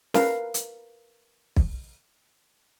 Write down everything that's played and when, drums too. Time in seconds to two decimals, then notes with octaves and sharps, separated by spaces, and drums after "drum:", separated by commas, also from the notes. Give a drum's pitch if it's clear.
0.14 A#4 B4 F5, drum: snare
0.54 drum: hi-hat
1.56 drum: kick